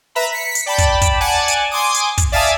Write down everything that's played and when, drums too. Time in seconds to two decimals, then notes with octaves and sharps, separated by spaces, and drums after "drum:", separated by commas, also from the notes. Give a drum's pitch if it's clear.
0.15 B4 E5 A#5 B5
0.32 B6 C#7
0.55 drum: hi-hat
0.66 D5 G5 A5 B5
0.78 drum: kick, hi-hat
1.02 drum: kick, hi-hat
1.21 D5 F#5 G#5 A5
1.48 drum: hi-hat
1.71 G#5 C6 D6 D#6
1.94 drum: hi-hat
2.18 drum: kick, hi-hat
2.32 D5 E5 F5 G#5 A5 D#6